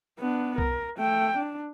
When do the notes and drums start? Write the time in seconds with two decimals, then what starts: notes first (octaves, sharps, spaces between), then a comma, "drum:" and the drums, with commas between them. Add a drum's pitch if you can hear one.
0.19 B3 D4
0.58 A#4, drum: kick C2
0.98 A3 G5
1.37 D4